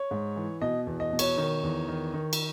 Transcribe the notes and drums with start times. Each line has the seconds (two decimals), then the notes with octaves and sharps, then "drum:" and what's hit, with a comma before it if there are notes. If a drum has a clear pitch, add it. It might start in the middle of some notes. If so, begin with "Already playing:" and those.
Already playing: C#5
0.11 G#2
0.36 E3
0.62 B2 D#5
0.87 E2
1.00 D#5
1.13 B2
1.19 C#5, drum: cymbal
1.38 D#3
1.63 E2
1.88 D#3
2.13 D#3
2.33 drum: cymbal